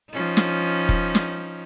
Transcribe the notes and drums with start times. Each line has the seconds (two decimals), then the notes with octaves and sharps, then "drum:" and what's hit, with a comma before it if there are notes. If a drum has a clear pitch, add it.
0.11 F3 C#4 D#4
0.37 drum: snare
0.89 drum: kick
1.15 drum: snare